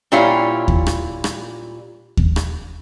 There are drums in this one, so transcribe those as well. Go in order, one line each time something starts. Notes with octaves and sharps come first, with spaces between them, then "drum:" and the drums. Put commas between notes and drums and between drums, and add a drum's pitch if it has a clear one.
A#2 G3 E4 F4 C#5 F5
drum: kick D#2
drum: rim click
drum: rim click
drum: kick D#2
drum: rim click